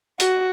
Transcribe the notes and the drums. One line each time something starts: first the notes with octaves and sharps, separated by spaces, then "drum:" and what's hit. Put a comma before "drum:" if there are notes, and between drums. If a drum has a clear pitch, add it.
F#4, drum: hi-hat